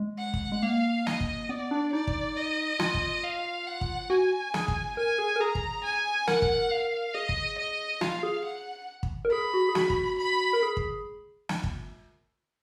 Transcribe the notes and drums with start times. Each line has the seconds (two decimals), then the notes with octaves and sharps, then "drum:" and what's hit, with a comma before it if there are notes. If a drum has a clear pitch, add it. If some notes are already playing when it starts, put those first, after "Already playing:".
Already playing: G#3
0.19 F#5
0.34 drum: kick
0.52 G#3
0.62 A#3 F5
1.07 D#5, drum: snare
1.21 drum: kick
1.49 B3 D5
1.71 D4
1.93 D#4 D5
2.07 drum: kick
2.37 D#5
2.79 F4, drum: snare
2.94 drum: kick
3.24 F5
3.67 F#5
3.81 drum: kick
4.10 F#4 G#5
4.54 G#4, drum: snare
4.68 drum: kick
4.97 A#4 G#5
5.18 G#4
5.36 A#4
5.40 G#4 A#5
5.55 drum: kick
5.84 G#5
6.27 A#4 F#5, drum: snare
6.42 drum: kick
6.71 F5
7.15 G#4 D#5
7.29 drum: kick
7.58 D#5
8.01 F4 F5, drum: snare
8.23 G#4
8.45 F#5
9.03 drum: kick
9.25 A#4
9.31 G#4 B5
9.54 F#4
9.69 G#4
9.75 F#4, drum: snare
9.90 drum: kick
10.18 B5
10.53 A#4
10.63 G#4
10.77 drum: kick
11.49 drum: snare
11.64 drum: kick